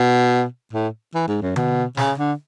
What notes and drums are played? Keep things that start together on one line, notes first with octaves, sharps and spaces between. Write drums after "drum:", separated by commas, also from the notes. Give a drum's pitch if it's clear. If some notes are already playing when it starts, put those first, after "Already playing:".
Already playing: B2
A2
E3
G#2
F#2
B2, drum: tom D3
C#3, drum: snare
D3